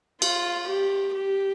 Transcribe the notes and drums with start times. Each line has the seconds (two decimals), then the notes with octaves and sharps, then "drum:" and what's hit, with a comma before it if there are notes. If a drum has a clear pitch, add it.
0.22 F4, drum: cymbal
0.68 G4
1.14 G4